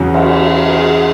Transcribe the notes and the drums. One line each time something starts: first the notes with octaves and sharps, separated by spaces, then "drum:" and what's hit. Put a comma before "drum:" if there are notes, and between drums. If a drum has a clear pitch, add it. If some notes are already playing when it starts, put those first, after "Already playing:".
Already playing: E2 C#3 F#3
drum: cymbal
G#4